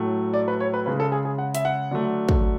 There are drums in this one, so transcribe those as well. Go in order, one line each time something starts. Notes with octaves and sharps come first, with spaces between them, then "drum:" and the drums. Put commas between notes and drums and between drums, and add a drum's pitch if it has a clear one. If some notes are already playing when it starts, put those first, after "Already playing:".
Already playing: A2 F#3 A3
D5
B4
C#5
B4
C#3 G#3 B4
A4
G#4
G#4
F#5
E5, drum: hi-hat
F#5
D3 F#3 A3
drum: kick